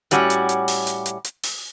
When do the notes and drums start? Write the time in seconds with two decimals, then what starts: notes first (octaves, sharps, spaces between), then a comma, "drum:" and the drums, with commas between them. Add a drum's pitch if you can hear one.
0.11 A2 G3 C#4 F#4, drum: hi-hat
0.30 drum: hi-hat
0.49 drum: hi-hat
0.68 drum: open hi-hat
0.87 drum: hi-hat
1.06 drum: hi-hat
1.25 drum: hi-hat
1.43 drum: open hi-hat